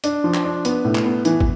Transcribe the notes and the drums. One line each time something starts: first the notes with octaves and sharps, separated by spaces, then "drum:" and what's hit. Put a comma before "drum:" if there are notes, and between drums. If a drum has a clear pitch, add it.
D4, drum: hi-hat
F3
drum: clap
D4
B3, drum: hi-hat
A2
drum: clap
B3
E3, drum: hi-hat
drum: kick